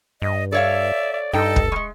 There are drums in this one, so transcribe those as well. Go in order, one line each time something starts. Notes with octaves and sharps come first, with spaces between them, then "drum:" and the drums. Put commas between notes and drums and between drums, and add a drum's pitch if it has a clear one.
G2 D#5
A4 C#5 D5 E5 F5
D5
G2 D#4 A4 D#5 G5
drum: kick
G3 G#3 C#6